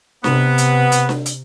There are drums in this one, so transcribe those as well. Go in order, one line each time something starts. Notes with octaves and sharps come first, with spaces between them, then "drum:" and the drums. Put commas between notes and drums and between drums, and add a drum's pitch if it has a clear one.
C3 B3, drum: snare D4
drum: hi-hat
drum: hi-hat
drum: snare D4
drum: hi-hat